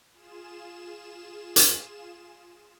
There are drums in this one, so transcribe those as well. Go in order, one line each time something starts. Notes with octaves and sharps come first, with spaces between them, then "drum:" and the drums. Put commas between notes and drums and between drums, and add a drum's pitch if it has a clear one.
F4 G#4 E7
drum: hi-hat